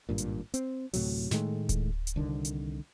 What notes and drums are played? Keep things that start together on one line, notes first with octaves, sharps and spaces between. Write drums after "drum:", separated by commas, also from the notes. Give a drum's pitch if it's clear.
G#1 G2 A#2
drum: hi-hat
C4, drum: hi-hat
D2 A2 C3 F#3, drum: open hi-hat
A2 D#3 G#3 A3, drum: snare
drum: kick D1, hi-hat
drum: hi-hat
C2 D3 D#3
drum: hi-hat